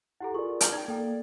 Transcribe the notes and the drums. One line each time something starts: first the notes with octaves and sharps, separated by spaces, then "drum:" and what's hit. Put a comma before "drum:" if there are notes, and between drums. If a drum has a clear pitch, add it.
E4 G4 A4 F#5 A#5
F4 G#4 A#4 D5 C#6
A#5 F6 G6, drum: hi-hat
D#4 D5 G5 G#6
A#3 A4 A#4 G5